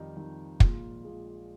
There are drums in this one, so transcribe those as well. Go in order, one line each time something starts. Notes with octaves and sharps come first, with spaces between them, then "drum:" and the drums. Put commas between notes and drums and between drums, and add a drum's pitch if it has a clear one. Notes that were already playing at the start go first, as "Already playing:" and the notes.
Already playing: F2 D#3 G3 D#4
F2 D#3 G3
A#1 A#2 G#3 F4, drum: kick
A#1 A#2 G#3